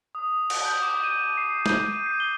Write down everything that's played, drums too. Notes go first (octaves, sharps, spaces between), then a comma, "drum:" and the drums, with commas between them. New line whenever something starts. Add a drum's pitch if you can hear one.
D#6
drum: cymbal
G6
D6
D#7
C7
G6, drum: snare
D#7
C7
G7